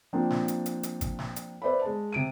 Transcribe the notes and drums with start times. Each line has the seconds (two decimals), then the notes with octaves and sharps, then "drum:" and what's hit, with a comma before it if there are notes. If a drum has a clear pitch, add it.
0.13 F3 A#3 C4 D4
0.30 drum: snare
0.48 drum: hi-hat
0.66 drum: hi-hat
0.83 drum: hi-hat
1.01 drum: kick, hi-hat
1.19 drum: snare
1.36 drum: hi-hat
1.62 B4 C5 D5 E5 B5
1.82 G#3 A5
2.12 C3 D7 D#7